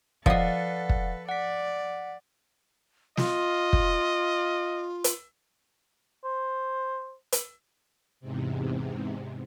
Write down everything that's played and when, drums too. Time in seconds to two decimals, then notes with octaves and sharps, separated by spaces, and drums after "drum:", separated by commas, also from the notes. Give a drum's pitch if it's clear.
0.26 F3 A4 B4 D5 D#5 F5 F#5, drum: kick
0.89 drum: kick
1.29 D5 F#5 B6
3.17 F4 D#5, drum: snare
3.73 drum: kick
5.04 drum: hi-hat
6.24 C5
7.32 drum: hi-hat
8.20 E2 G#2 C3